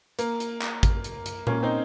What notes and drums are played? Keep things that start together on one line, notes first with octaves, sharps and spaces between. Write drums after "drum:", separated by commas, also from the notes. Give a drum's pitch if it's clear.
A#3, drum: hi-hat
drum: hi-hat
drum: clap
drum: kick G#1, hi-hat
drum: hi-hat
drum: hi-hat
A#3 C#4, drum: tom A#2
C4 D#4